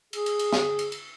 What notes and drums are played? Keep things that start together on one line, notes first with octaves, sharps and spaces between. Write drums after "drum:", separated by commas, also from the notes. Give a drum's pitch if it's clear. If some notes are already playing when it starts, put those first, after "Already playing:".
G#4, drum: cymbal
drum: cymbal
drum: cymbal
drum: snare
drum: cymbal
drum: cymbal